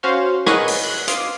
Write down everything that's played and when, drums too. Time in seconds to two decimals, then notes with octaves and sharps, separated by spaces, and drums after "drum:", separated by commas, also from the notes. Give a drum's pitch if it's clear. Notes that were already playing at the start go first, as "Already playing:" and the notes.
0.03 C#4 F#4 C5 F5 C6
0.47 G#4 A#4 B4 C#5 D#5 F#5, drum: rim click
0.68 drum: open hi-hat
0.84 F#6
1.08 F5 C6 D6 D#6, drum: hi-hat